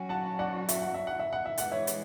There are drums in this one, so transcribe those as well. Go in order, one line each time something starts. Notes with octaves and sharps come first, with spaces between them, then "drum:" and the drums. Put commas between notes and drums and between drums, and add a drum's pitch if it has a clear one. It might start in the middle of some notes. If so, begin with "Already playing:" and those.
Already playing: F#3 C#4 F#4 G#5
F#5 A5
D5 F#5
E5, drum: hi-hat
F#5
E5
F#5
E5
F#5
E5
E3 G#3 B3 D4 F#5, drum: hi-hat
C#5 E5
drum: hi-hat